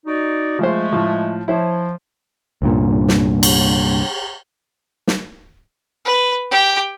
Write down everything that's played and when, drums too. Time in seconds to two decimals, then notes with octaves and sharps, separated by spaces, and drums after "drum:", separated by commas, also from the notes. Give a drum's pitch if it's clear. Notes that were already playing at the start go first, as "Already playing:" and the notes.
0.06 D#4 F#4 D5
0.59 F3 G#3 A3 G#4 C5
0.93 A2 F3
1.48 F3 E4 C5 C#5
2.62 C2 G2 A#2
3.08 drum: snare
3.43 drum: cymbal
5.07 drum: snare
6.05 B4
6.51 G4 G5